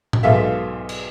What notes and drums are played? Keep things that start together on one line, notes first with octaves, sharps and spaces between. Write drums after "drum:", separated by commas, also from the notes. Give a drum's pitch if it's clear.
drum: tom
B1 G#2 A4 E5 F5
drum: cymbal